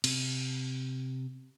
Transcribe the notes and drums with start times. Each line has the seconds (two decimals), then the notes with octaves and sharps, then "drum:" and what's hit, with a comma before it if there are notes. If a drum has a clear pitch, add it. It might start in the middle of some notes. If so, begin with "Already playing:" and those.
0.04 C3, drum: cymbal